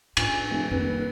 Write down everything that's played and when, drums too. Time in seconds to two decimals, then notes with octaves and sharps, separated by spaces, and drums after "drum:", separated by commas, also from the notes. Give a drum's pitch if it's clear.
0.17 A2 G#5, drum: cymbal
0.49 F1
0.71 D#1 F2 C4 B4